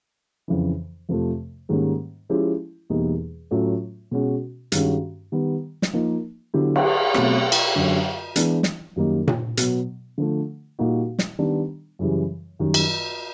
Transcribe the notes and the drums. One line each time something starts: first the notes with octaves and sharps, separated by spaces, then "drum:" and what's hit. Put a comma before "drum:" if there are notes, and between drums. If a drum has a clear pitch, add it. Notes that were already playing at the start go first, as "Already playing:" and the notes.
F2 C#3 E3
F2 C3 F3 A3
G#2 D#3 G3 A#3 C#4
F3 G#3 C#4 E4 G4
E2 B2 G3 A#3 D#4
A2 F#3 A3 C#4 F4
B2 G#3 C#4 F#4
G2 D#3 G#3 C#4 F#4, drum: hi-hat
D#3 G3 B3
drum: snare
F3 A#3 D#4
D3 F#3 B3 E4 G4
drum: cymbal
B2 F#3 A3 C4, drum: rim click
drum: cymbal
F#2 D3 F#3
E3 G#3 B3 D4, drum: hi-hat
drum: snare
F#2 D#3 G3 A#3 D#4
drum: tom A#2
B2 F#3 B3, drum: hi-hat
D3 F3 A3
A#2 G3 A#3 D#4 F#4
drum: snare
D#3 G3 B3 D4
F#2 C#3 E3 G3
F#2 D#3 G3
drum: cymbal